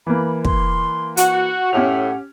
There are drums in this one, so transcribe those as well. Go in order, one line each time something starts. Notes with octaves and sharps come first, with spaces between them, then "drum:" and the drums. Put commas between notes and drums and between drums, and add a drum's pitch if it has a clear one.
E3 A#3 B5
C6, drum: kick
F#4 F#5, drum: hi-hat
A2 C#4 G4 F7